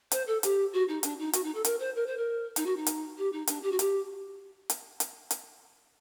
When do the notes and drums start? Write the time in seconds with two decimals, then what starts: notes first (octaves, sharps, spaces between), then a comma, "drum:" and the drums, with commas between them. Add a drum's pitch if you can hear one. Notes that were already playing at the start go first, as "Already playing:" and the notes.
0.12 C5, drum: hi-hat
0.27 A4
0.43 G4, drum: hi-hat
0.73 F#4
0.88 D#4
1.03 D4, drum: hi-hat
1.19 D#4
1.33 F#4, drum: hi-hat
1.44 D#4
1.54 A4
1.65 A#4, drum: hi-hat
1.79 C5
1.95 A#4
2.06 C5
2.17 A#4
2.56 D#4, drum: hi-hat
2.66 F#4
2.76 D#4
2.87 drum: hi-hat
3.18 G4
3.32 D#4
3.47 D4, drum: hi-hat
3.62 G4
3.71 F#4
3.79 G4, drum: hi-hat
4.70 drum: hi-hat
5.00 drum: hi-hat
5.31 drum: hi-hat